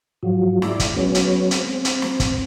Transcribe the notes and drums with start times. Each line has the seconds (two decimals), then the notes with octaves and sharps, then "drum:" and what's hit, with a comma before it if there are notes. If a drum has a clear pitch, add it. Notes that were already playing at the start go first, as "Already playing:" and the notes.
0.23 G#2 F3 F#3
0.62 G#3 E4 D5, drum: snare
0.80 drum: kick, hi-hat
0.96 F#3 G#3 B3 C#4
1.15 drum: hi-hat
1.51 C4, drum: hi-hat
1.85 drum: hi-hat
2.02 drum: snare
2.20 drum: kick, hi-hat